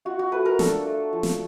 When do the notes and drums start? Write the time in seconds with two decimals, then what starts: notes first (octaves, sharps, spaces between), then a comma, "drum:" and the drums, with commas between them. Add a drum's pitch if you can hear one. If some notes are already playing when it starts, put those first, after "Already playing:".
0.05 F4 F#4
0.19 F#4
0.32 A3 B4
0.46 A#4
0.59 D4 A4, drum: snare
0.86 A3
1.13 F3
1.23 drum: snare